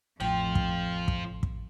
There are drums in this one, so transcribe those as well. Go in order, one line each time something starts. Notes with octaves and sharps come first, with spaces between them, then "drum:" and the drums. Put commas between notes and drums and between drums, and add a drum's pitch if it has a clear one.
A1 F2 A2 F3 F4 G5
drum: kick
drum: kick
drum: kick